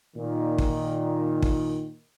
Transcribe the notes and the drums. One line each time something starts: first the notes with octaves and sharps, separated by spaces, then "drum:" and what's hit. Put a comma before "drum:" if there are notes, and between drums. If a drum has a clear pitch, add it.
A#2 D#3
drum: kick
drum: kick